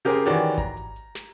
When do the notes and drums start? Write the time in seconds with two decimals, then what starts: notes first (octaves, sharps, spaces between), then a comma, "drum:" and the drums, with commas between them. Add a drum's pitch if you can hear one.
0.05 C#3 G4 G#4 A#4 C5
0.26 D#3 E3 F#4 G4 C#5 D5
0.38 drum: hi-hat
0.58 A#5, drum: kick G#1, hi-hat
0.77 drum: hi-hat
0.96 drum: hi-hat
1.15 drum: snare